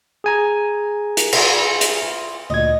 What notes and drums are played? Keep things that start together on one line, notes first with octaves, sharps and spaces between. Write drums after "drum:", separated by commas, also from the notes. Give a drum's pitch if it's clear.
G#4 G#5 A#5
drum: hi-hat
C4 E4 F4, drum: cymbal
drum: hi-hat
D2 A#2 D#5 G#6